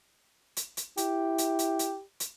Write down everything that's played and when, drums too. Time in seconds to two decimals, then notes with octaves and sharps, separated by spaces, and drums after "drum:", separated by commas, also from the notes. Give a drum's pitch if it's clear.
0.57 drum: hi-hat
0.77 drum: hi-hat
0.97 E4 G4, drum: hi-hat
1.38 drum: hi-hat
1.59 drum: hi-hat
1.79 drum: hi-hat
2.20 drum: hi-hat